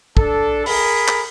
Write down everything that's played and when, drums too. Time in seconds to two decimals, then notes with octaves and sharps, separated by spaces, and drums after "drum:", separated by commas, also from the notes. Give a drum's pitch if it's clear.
0.17 D4 A4, drum: kick
0.66 G#4 A#4 B5, drum: open hi-hat
1.08 drum: clap